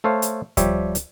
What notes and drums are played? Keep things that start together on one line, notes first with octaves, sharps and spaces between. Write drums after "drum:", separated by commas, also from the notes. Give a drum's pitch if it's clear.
A3 A4 C5 C#5 F5
drum: hi-hat
F3 G3 G4 C#5 E5, drum: kick D2, hi-hat
drum: hi-hat